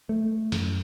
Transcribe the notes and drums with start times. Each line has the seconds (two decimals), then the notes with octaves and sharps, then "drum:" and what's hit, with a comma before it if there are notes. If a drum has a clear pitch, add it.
0.09 A3
0.52 F#2, drum: snare